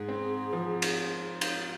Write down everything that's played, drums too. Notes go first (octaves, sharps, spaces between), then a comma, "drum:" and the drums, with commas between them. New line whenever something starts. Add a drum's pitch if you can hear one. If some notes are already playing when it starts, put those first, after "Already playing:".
Already playing: G#2 G#4
C4
F3
drum: cymbal
drum: cymbal